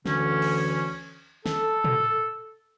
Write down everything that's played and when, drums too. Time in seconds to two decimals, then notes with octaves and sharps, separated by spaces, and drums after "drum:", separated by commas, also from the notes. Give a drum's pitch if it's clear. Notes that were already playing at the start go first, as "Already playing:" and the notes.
0.06 D2 D3 E3 C#4, drum: snare
0.42 drum: cymbal
1.46 A4, drum: snare
1.84 drum: tom